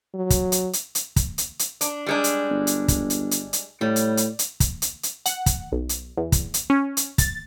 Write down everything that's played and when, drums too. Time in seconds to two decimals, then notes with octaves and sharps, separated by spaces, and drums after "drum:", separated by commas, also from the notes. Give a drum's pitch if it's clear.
0.15 F#3
0.30 drum: kick, hi-hat
0.52 drum: hi-hat
0.73 drum: hi-hat
0.95 drum: hi-hat
1.16 drum: kick, hi-hat
1.38 drum: hi-hat
1.59 drum: hi-hat
1.81 D4, drum: hi-hat
2.06 G3 G#3 D4
2.24 drum: hi-hat
2.50 G1
2.67 drum: hi-hat
2.88 drum: kick, hi-hat
3.10 drum: hi-hat
3.31 drum: hi-hat
3.53 drum: hi-hat
3.81 A2 G3
3.96 drum: hi-hat
4.17 drum: hi-hat
4.39 drum: hi-hat
4.60 drum: kick, hi-hat
4.82 drum: hi-hat
5.03 drum: hi-hat
5.26 F#5, drum: hi-hat
5.46 drum: kick, hi-hat
5.72 B1
5.89 drum: hi-hat
6.17 E2
6.32 drum: kick, hi-hat
6.54 drum: hi-hat
6.70 C#4
6.97 drum: hi-hat
7.18 A6, drum: kick, hi-hat